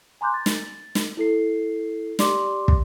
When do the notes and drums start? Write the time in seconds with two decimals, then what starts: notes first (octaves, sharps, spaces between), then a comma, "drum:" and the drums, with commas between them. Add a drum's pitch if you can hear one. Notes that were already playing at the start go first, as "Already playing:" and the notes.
0.21 G#5 A#5 C6 D6 F#6 G6
0.34 A6
0.46 drum: snare
0.95 drum: snare
1.17 E4 A4 C7
2.19 G4 D5 C6 D6, drum: snare
2.68 drum: kick